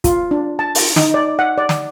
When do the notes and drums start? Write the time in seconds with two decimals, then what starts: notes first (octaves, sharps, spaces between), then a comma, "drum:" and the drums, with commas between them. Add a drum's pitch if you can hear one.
0.04 F4, drum: kick, hi-hat
0.31 D4
0.59 A5
0.75 drum: open hi-hat
0.96 D#4, drum: snare
1.14 D5
1.39 F#5
1.58 D5
1.69 drum: snare